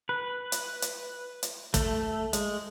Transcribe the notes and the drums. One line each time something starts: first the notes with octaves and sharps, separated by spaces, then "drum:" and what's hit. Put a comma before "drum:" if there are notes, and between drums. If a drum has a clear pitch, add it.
B4
drum: hi-hat
drum: hi-hat
drum: hi-hat
A3, drum: kick, hi-hat
G#3, drum: hi-hat